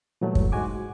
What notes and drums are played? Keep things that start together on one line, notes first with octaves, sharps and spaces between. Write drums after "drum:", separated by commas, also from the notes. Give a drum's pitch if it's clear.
A#2 E3 F#3 G3 A3
drum: kick
G#2 G#3 F#4 G#5 D6